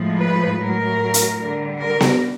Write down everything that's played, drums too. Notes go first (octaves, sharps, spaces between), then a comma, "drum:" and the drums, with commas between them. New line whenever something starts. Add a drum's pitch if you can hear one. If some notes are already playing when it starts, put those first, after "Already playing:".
Already playing: A2 F3 G#3
B4
A2 F#3 A#4
drum: hi-hat
D3 G3
A#4
drum: snare B3